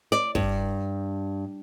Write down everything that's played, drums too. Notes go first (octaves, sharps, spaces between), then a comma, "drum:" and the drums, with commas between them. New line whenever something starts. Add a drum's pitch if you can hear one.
D5
G2, drum: kick